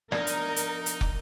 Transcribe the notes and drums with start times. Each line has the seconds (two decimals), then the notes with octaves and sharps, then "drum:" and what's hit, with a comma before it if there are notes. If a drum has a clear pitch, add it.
0.12 F3 B3 D4 D#4 A#4 D5, drum: rim click
0.27 drum: hi-hat
0.56 drum: hi-hat
0.86 drum: hi-hat
1.01 drum: kick